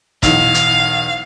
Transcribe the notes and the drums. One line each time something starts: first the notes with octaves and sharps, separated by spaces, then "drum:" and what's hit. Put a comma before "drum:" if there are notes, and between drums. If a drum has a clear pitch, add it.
B1 E2 F5, drum: kick, hi-hat
drum: hi-hat